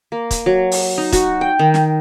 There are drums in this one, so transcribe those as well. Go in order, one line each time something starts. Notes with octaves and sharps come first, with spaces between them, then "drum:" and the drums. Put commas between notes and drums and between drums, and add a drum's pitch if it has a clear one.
A#3
drum: kick, hi-hat
F#3
drum: open hi-hat
D#4
F#4, drum: kick, hi-hat
G5
D#3
drum: snare